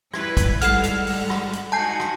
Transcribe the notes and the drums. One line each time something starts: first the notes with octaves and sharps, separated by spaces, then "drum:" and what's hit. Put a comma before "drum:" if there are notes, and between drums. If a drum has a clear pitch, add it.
G3 E4 B4 G#6, drum: rim click
drum: kick, hi-hat
G#2 G3 G#3 A4 F#5 F6 C7 F7, drum: hi-hat
drum: hi-hat
drum: open hi-hat
drum: rim click
drum: hi-hat
D#4 F#4 G#5 A5 G6 C7
drum: rim click